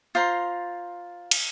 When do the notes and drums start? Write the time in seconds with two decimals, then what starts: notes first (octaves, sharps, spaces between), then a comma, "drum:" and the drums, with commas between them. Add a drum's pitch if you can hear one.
0.15 F4 C5 A#5 C6
1.31 drum: cymbal